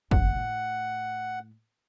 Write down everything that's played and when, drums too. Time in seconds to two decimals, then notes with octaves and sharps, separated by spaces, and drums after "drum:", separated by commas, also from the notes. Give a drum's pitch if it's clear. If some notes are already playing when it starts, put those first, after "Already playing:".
0.11 F#1 A3 F#5, drum: kick
0.35 A2 A3